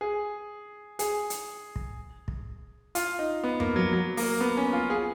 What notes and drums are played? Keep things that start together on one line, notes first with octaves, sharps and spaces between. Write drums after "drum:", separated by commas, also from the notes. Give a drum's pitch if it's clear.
G#4
G#4, drum: hi-hat
drum: hi-hat
drum: kick
drum: kick
F4, drum: hi-hat
D#4
B3
A#3, drum: tom F#2
F#3
F#3
A#3, drum: open hi-hat
B3
C#4
F4
G#4